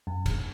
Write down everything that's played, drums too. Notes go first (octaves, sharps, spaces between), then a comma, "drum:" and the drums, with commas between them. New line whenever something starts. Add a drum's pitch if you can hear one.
F#2
drum: kick, cymbal